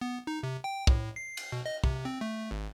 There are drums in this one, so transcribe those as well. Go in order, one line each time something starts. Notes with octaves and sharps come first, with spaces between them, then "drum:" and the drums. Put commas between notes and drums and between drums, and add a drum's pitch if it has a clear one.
B3
D#4
C3
G5
A2, drum: kick
C7
drum: cymbal
B2
D#5
C3, drum: kick
C4
A3
G#1